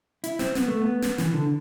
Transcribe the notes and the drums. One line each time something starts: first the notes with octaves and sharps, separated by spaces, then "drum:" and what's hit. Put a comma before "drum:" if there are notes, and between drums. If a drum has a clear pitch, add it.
E4, drum: hi-hat
C4, drum: snare
B3, drum: snare
A3
B3
drum: snare
E3, drum: snare
D3